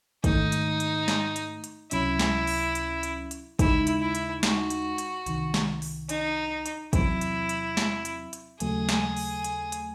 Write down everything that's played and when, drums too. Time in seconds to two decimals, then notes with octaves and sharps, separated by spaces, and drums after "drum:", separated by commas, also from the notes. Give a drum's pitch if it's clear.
0.24 G#2 D#3 A3 D#4, drum: kick, hi-hat
0.52 drum: hi-hat
0.80 drum: hi-hat
1.08 drum: snare
1.36 drum: hi-hat
1.64 drum: hi-hat
1.91 C#2 C3 F#3 C#4 E4, drum: hi-hat
2.19 drum: snare
2.47 drum: open hi-hat
2.75 drum: hi-hat
3.03 drum: hi-hat
3.31 drum: hi-hat
3.59 D#2 C#3 G#3 D#4 E4, drum: kick, hi-hat
3.87 drum: hi-hat
4.01 E4
4.15 drum: hi-hat
4.43 F#4, drum: snare
4.70 drum: hi-hat
4.98 drum: hi-hat
5.26 C2 C3 D#3, drum: hi-hat
5.54 drum: snare
5.82 drum: open hi-hat
6.09 D#4, drum: hi-hat
6.66 drum: hi-hat
6.93 E2 C3 F#3 C4 E4, drum: kick, hi-hat
7.21 drum: hi-hat
7.49 drum: hi-hat
7.77 drum: snare
8.05 drum: hi-hat
8.33 drum: hi-hat
8.60 D#2 C#3 F#3 A3 G#4, drum: hi-hat
8.89 drum: snare
9.17 drum: open hi-hat
9.44 drum: hi-hat
9.72 drum: hi-hat